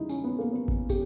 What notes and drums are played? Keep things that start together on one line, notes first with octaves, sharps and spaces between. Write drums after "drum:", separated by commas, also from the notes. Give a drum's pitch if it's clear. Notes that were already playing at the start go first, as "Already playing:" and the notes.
Already playing: E2 C#3 G3 D#4 E4
C#4, drum: tambourine
B3
A#3
B3
drum: kick
G4, drum: kick, tambourine